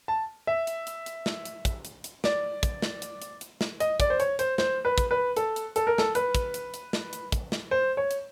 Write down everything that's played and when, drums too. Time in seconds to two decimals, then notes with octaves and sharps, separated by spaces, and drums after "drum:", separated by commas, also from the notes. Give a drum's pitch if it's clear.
0.08 A5
0.47 E5
0.67 drum: hi-hat
0.87 drum: hi-hat
1.06 drum: hi-hat
1.26 drum: snare
1.45 drum: hi-hat
1.65 drum: kick, hi-hat
1.85 drum: hi-hat
2.04 drum: hi-hat
2.24 D5, drum: snare
2.63 drum: kick, hi-hat
2.82 drum: snare
3.02 drum: hi-hat
3.22 drum: hi-hat
3.41 drum: hi-hat
3.61 drum: snare
3.80 D#5, drum: hi-hat
4.00 D5, drum: kick, hi-hat
4.10 C5
4.20 C#5, drum: hi-hat
4.39 C5, drum: hi-hat
4.58 C5, drum: snare
4.85 B4
4.98 drum: kick, hi-hat
5.11 B4
5.37 A4, drum: hi-hat
5.56 drum: hi-hat
5.76 A4, drum: hi-hat
5.87 A#4
5.98 A4, drum: snare
6.15 B4, drum: hi-hat
6.35 drum: kick, hi-hat
6.54 drum: hi-hat
6.74 drum: hi-hat
6.93 drum: snare
7.13 drum: hi-hat
7.32 drum: kick, hi-hat
7.52 drum: snare
7.71 C5
7.97 C#5
8.11 drum: hi-hat